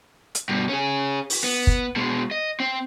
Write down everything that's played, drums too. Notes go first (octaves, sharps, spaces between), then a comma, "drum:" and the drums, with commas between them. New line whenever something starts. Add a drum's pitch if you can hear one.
drum: hi-hat
G2 B2
C#4 G#4
drum: open hi-hat
B3
drum: kick
B2 G#3
D#5
C4